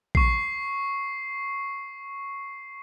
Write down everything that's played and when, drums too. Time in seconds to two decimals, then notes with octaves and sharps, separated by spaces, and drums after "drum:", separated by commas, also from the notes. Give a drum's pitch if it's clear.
0.15 C#6 C7, drum: kick A#1